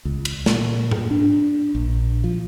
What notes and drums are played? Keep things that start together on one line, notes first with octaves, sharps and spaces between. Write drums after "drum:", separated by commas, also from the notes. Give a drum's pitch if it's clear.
C#2
drum: cymbal
A#2, drum: snare
drum: tom G#2
D4
A#1
F3